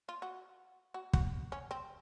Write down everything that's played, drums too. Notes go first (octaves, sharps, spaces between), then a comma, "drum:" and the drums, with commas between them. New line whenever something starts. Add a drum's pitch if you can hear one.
F4
F#4
F#4
F#4, drum: kick
C#4
C4